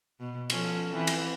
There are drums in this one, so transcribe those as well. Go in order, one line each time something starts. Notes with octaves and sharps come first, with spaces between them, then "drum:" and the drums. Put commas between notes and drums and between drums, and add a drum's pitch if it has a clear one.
B2
F3 C#4 A4, drum: cymbal
E3 C4
drum: cymbal